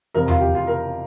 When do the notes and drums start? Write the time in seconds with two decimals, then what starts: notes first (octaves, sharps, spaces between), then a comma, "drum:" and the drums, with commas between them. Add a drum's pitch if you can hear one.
0.14 F2 C3 F3 A#4
0.28 F4, drum: tom E2
0.41 G4
0.55 F4
0.67 A#4